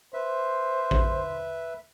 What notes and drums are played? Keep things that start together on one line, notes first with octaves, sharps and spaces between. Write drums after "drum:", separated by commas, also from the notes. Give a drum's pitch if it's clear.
B4 C5 E5
drum: kick A1